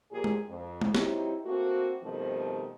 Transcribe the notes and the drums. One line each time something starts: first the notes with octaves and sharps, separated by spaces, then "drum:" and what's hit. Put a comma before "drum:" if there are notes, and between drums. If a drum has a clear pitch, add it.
A#2 F3 A#3 G4 G#4
drum: tom G#3
F2
drum: tom G#3
F#3 C4 D#4 E4 G4, drum: snare
A3 A#3 C4 F#4
B2 D#3 F3 G3 A3 C4